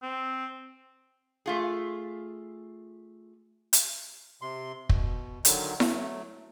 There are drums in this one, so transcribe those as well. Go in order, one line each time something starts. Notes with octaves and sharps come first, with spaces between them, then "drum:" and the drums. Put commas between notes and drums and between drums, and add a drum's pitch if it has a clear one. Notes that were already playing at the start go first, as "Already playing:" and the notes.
C4
A3 F4 G#4
drum: hi-hat
C3 C6
B2, drum: kick
D3 D#3 F#3, drum: hi-hat
F#3 A3, drum: snare E4